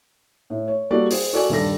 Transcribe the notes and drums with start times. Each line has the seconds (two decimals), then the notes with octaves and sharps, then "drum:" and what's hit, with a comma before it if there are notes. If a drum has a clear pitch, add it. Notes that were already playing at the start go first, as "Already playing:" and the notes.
0.50 A2
0.68 C#5
0.91 G3 A#3 F#4 A4 D5
1.11 G#4 C5, drum: open hi-hat
1.33 F#4 A4 D5 G#5
1.50 D#1 G2 D#3 A4 D5 A#6